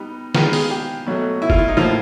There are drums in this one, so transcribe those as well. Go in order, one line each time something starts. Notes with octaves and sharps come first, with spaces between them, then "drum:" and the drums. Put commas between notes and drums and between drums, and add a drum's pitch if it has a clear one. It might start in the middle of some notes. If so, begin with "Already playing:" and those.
Already playing: G3 B3 D#4
D#3 G#3 B3 F4, drum: snare
G#4, drum: open hi-hat
G4
B2 F#3 A3
E4
F4, drum: kick
E4
D#4
A2 F3 A#3 F4